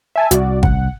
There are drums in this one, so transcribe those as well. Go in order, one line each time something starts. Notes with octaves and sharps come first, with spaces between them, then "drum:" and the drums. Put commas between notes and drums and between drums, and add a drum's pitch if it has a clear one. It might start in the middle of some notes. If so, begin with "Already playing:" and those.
E5 G#5 A5
C2 F#4 D5, drum: hi-hat
F#5, drum: kick G#1